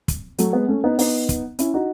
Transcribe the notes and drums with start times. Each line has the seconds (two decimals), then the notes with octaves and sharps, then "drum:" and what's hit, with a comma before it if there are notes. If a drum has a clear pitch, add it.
0.08 drum: kick, hi-hat
0.38 F#3 A3, drum: hi-hat
0.53 G#3 B3
0.68 A3 C#4
0.84 B3 D#4
0.99 B3 D#4, drum: open hi-hat
1.29 drum: kick, hi-hat
1.59 C#4 E4, drum: hi-hat
1.74 D#4 F#4